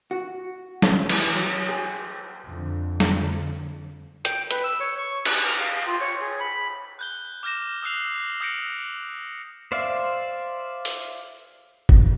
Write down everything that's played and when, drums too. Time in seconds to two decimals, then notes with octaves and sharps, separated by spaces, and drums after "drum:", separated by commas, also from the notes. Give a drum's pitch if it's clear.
0.11 F#4
0.82 C#4, drum: snare
1.09 E3, drum: cymbal
1.35 F#3
1.69 G#4
2.47 F2 D3
3.00 drum: snare
4.25 G5, drum: hi-hat
4.51 B4, drum: hi-hat
4.64 E6
4.80 C#5
4.98 C#6
5.25 F#6, drum: cymbal
5.45 F6
5.60 F5
5.87 F4
6.01 C#5
6.21 G#4
6.40 B5
6.99 F#6 G6 G7
7.43 D6 F6 G6 A#6 E7
7.82 D#6 E6 F#6 C7 F7
8.40 D#6 E6 G6 A#6 C#7 D7
9.72 C5 D5 E5 F5
10.85 drum: open hi-hat
11.89 drum: kick